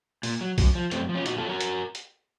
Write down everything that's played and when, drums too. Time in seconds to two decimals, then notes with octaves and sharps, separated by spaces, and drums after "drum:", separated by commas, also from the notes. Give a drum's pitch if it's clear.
0.23 A#2, drum: open hi-hat
0.41 F#3
0.58 F#2, drum: kick B1, open hi-hat
0.75 F3
0.91 F#2 A3 C4, drum: hi-hat
1.09 F3
1.15 C#4 F4
1.26 A#2 D#4 F#4, drum: hi-hat
1.38 F4 A4
1.43 F#3
1.49 F#4 A#4
1.60 drum: hi-hat
1.95 drum: hi-hat